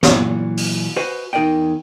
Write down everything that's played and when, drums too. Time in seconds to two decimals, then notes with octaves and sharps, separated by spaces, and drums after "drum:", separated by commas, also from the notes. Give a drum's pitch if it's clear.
0.03 A#2 E3 F#3, drum: snare
0.57 drum: open hi-hat
0.96 F#4 B4 C5 D#5 F#5 G#5
1.33 E2 D#4 A#4 D5 D#5 G5